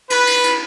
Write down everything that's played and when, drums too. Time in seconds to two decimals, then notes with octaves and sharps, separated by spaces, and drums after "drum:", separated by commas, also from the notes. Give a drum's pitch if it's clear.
0.10 B4, drum: cymbal
0.27 drum: cymbal
0.44 drum: cymbal